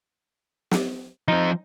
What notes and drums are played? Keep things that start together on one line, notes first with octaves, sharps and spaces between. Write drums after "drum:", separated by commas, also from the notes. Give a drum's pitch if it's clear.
drum: snare
F3 C4 D#4